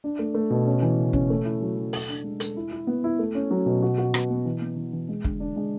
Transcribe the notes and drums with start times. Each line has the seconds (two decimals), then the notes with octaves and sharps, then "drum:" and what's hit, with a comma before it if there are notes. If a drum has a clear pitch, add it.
0.04 D4
0.19 A3
0.35 A3
0.50 B2
0.66 C#4
0.82 E3
0.98 C#3
1.13 C#4, drum: kick
1.30 A3
1.45 E4
1.61 F#3
1.77 F#3
1.93 A4, drum: open hi-hat
2.09 D4
2.24 G#3
2.40 A4, drum: hi-hat
2.57 E4
2.72 E4
2.87 B3
3.04 E4
3.19 A3
3.35 C#4
3.51 F#3
3.66 B2
3.83 F#4
3.98 F#4
4.14 B2, drum: rim click
4.30 B3
4.45 E3
4.61 B3
4.76 E3
4.93 E3
5.09 G#3
5.24 D3, drum: kick
5.40 D4
5.56 G#3